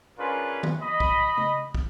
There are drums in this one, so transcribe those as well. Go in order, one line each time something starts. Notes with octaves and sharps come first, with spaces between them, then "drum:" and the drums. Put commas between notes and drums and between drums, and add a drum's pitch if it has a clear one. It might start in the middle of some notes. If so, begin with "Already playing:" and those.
C#4 D4 F4 G#4 A#4 B4
drum: tom D#3
D#5 B5
drum: kick
drum: tom
drum: kick